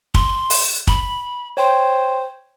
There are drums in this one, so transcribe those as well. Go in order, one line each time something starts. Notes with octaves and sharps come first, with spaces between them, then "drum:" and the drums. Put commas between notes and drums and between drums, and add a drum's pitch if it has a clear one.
C6, drum: kick
drum: open hi-hat
B5, drum: kick
C5 C#5 G5 C6